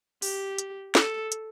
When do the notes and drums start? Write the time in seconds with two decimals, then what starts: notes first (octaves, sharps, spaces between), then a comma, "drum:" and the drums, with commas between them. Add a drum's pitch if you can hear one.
0.22 G4, drum: open hi-hat
0.58 drum: hi-hat
0.95 A4, drum: snare
1.32 drum: hi-hat